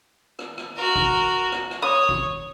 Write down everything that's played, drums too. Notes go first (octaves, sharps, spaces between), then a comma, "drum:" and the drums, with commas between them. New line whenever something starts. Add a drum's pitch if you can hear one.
drum: rim click
drum: rim click
F#4 A#4
drum: kick G#1
drum: rim click
drum: rim click
C#5 D#6
drum: kick G#1